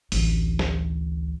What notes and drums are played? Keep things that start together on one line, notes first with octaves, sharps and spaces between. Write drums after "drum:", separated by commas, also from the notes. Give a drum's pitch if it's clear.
D1 A1, drum: open hi-hat
drum: snare